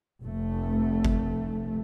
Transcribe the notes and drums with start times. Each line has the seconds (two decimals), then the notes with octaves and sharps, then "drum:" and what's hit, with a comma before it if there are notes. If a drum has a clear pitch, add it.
0.22 F1 A3
1.05 drum: kick G1